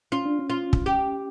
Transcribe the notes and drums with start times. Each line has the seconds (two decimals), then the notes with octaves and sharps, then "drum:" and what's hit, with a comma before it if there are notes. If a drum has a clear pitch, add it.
0.12 C#4 F4
0.26 D4
0.39 C#4
0.50 F4
0.73 drum: kick
0.86 G4